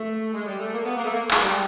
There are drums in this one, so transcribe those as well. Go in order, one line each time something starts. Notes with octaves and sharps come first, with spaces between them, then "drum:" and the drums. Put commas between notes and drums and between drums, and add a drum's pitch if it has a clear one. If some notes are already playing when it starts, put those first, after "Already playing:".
Already playing: A3
G#3
G3
A3
A#3
B3
A#3
A3
A#3
G#3, drum: clap
G3